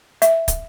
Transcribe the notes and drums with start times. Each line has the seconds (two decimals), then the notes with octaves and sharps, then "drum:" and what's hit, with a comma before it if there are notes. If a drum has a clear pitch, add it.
0.22 E5, drum: hi-hat
0.48 drum: kick, hi-hat